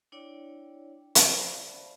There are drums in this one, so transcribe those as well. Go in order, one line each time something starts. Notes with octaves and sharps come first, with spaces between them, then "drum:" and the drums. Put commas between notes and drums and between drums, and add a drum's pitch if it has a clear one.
D4 E4 C#5 D5 G5
drum: hi-hat
C5 D5 E5 F5 A5 B5